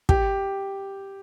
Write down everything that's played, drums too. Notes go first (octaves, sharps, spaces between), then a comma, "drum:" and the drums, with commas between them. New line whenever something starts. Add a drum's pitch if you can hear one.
G4, drum: kick